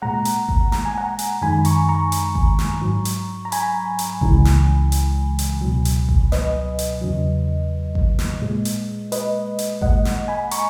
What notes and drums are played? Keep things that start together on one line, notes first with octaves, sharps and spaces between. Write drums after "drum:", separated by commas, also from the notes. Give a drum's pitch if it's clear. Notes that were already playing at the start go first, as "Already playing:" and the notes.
A#2 G#3 F#5 A#5
drum: hi-hat
drum: kick G#1
A#5, drum: snare
G#5
F#5 A#5
drum: hi-hat
F#2 D#3 G#3 G#5 B5
A#5 C#6, drum: hi-hat
A#5 C#6
drum: hi-hat
drum: kick G#1
drum: snare
G#2 F#3
drum: hi-hat
A#5
G#5 B5, drum: hi-hat
drum: hi-hat
C#2 C#3 E3 G#3, drum: kick G#1
drum: snare
drum: hi-hat
drum: hi-hat
C#2 B2 F#3
drum: hi-hat
drum: kick G#1
B4 D#5, drum: snare
drum: hi-hat
E2 C#3 F#3
drum: kick G#1
drum: snare
A#2 G#3
drum: hi-hat
B4 D#5, drum: hi-hat
drum: hi-hat
A#2 G#3 D#5 F#5, drum: kick G#1
drum: snare
G#5 B5
A#5 C#6, drum: hi-hat